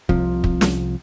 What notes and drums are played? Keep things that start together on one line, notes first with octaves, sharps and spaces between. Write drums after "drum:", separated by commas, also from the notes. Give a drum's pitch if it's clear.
C2 C3 F3, drum: kick
drum: kick
drum: snare